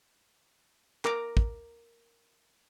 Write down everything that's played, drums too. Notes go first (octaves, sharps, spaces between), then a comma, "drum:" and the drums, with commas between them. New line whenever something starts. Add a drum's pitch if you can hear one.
A#4 A#5 D6, drum: clap
drum: kick